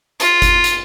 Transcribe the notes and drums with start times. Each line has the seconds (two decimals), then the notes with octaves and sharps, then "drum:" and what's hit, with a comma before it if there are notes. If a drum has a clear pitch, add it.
0.20 F4, drum: hi-hat
0.42 drum: kick G1, hi-hat
0.64 drum: hi-hat